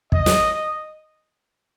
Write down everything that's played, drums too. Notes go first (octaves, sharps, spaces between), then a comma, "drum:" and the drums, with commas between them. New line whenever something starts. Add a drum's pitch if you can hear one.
D#5, drum: kick
drum: snare